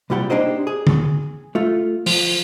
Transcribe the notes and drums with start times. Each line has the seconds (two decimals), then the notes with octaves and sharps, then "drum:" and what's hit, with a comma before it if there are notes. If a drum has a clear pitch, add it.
0.10 C2 A#2 G3 G4 F#5 B5
0.30 A#3 D4 D#4 G4 C5 D#5
0.67 G#4
0.87 drum: tom
1.55 A3 F4
2.06 F3, drum: open hi-hat